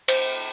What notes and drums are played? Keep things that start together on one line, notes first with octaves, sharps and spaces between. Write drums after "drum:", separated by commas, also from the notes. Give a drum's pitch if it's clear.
C5, drum: cymbal